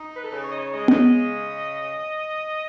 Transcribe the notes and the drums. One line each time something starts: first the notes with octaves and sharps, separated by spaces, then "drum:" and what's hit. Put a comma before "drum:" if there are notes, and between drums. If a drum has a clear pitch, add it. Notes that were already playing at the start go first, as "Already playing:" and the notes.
Already playing: D#4
B4
A4
C#3 B4
C#5
D#5
C#5
G#3 D#5
drum: tom B3
C#3